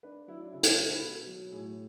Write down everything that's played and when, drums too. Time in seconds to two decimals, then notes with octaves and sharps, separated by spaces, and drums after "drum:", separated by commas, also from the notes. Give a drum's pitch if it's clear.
0.03 D4 B4
0.28 F#3 E4
0.41 D4
0.53 C#3 E4
0.63 E4, drum: hi-hat
0.69 F#4
0.77 G#3
0.86 A4
0.93 B4
1.01 B2 A4
1.27 F#3
1.52 A2 G#4